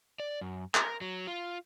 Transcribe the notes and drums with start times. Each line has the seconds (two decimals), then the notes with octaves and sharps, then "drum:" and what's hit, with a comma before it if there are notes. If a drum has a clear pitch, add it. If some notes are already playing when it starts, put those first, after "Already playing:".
0.20 D5
0.41 F#2
0.75 A#4, drum: clap
1.01 F#3
1.27 F4